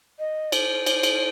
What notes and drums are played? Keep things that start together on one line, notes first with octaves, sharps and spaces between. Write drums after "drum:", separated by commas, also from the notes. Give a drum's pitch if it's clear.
D#5
C5, drum: cymbal
drum: cymbal
drum: cymbal